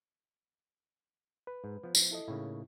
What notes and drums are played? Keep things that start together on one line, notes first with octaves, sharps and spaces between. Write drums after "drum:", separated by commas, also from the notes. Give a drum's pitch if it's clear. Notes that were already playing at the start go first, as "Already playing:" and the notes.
B4
G#2
F3 B3
drum: tambourine
E4 A4 D#5
A2 C#3 A#3 D#4 E4